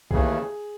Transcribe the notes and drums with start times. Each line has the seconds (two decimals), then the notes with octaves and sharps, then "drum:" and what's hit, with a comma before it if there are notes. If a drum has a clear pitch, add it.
0.11 D#2 C#3 E3 A3 G#4, drum: kick B1